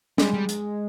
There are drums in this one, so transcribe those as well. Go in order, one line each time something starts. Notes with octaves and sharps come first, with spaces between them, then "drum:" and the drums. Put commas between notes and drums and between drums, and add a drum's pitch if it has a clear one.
G3 G#3, drum: snare
G3
drum: hi-hat